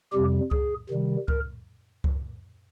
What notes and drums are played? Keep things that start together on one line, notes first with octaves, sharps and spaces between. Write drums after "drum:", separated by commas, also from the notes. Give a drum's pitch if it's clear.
F2 C3 G3 G4
G#4, drum: kick C#2
C3 D#3 G3
A#4, drum: kick C#2
drum: kick C#2